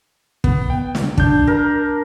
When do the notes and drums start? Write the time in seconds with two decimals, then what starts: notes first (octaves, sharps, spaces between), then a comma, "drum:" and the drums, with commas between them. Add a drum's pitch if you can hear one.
0.44 B3, drum: kick
0.70 G5
0.95 drum: snare
1.18 D4 G6, drum: kick
1.47 A#4